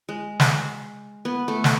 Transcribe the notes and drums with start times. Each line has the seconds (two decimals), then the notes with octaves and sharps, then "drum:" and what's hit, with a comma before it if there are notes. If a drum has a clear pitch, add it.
0.09 G#3
0.40 drum: snare
1.25 B3
1.48 A3
1.64 drum: snare